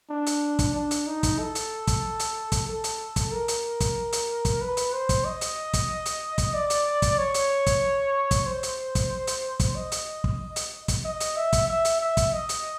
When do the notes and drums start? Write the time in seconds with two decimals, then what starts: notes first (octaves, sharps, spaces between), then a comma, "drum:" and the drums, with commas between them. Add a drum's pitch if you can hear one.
0.10 D4
0.27 drum: hi-hat
0.59 drum: kick, hi-hat
0.75 D4
0.91 drum: hi-hat
1.07 D#4
1.23 drum: kick, hi-hat
1.39 A4
1.55 drum: hi-hat
1.87 drum: kick, hi-hat
2.20 drum: hi-hat
2.52 drum: kick, hi-hat
2.68 A4
2.84 drum: hi-hat
3.16 drum: kick, hi-hat
3.32 A#4
3.48 drum: hi-hat
3.81 drum: kick, hi-hat
4.13 drum: hi-hat
4.45 drum: kick, hi-hat
4.61 B4
4.77 drum: hi-hat
4.93 C5
5.09 drum: kick, hi-hat
5.25 D#5
5.41 drum: hi-hat
5.74 drum: kick, hi-hat
6.06 drum: hi-hat
6.38 drum: kick, hi-hat
6.54 D5
6.70 drum: hi-hat
7.02 drum: kick, hi-hat
7.18 C#5
7.34 drum: hi-hat
7.67 drum: kick, hi-hat
8.31 drum: kick, hi-hat
8.46 C5
8.63 drum: hi-hat
8.95 drum: kick, hi-hat
9.27 drum: hi-hat
9.60 drum: kick, hi-hat
9.75 D#5
9.92 drum: hi-hat
10.24 drum: kick
10.56 drum: hi-hat
10.88 drum: kick, hi-hat
11.04 D#5
11.20 drum: hi-hat
11.36 E5
11.53 drum: kick, hi-hat
11.68 E5
11.85 drum: hi-hat
12.01 E5
12.17 drum: kick, hi-hat
12.33 D#5
12.49 drum: hi-hat